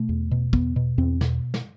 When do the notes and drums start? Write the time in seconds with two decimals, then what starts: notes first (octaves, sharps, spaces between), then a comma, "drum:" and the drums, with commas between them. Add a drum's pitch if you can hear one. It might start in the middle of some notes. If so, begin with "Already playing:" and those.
Already playing: B2 A3
0.09 E2
0.31 B2
0.53 E2 B3, drum: kick
0.76 B2
0.98 E2 C4
1.21 B2, drum: snare
1.54 drum: snare